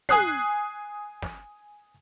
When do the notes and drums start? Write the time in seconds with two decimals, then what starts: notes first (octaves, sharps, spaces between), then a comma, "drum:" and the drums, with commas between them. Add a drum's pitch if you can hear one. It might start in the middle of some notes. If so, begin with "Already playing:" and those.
0.09 G#5 D#6 F#6 C7, drum: tom
1.22 drum: snare